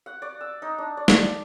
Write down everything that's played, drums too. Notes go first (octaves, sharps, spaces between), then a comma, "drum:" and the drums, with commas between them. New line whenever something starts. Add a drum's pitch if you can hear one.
F#5
D5
E6
D#4
D4
D5
drum: snare